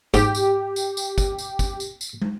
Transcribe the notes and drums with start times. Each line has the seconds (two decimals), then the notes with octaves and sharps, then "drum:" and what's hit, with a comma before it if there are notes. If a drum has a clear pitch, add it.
0.14 G#2 G4, drum: kick, tambourine
0.35 drum: tambourine
0.76 drum: tambourine
0.97 drum: tambourine
1.18 drum: kick, tambourine
1.38 drum: tambourine
1.59 drum: kick, tambourine
1.80 drum: tambourine
2.01 drum: tambourine
2.22 drum: tom